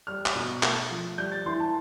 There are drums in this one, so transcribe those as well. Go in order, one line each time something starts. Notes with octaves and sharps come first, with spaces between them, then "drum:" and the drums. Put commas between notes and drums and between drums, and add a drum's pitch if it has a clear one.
G3 F6
drum: clap
B2
A3, drum: clap
F3
G3 G6
A6
E3 C6
A5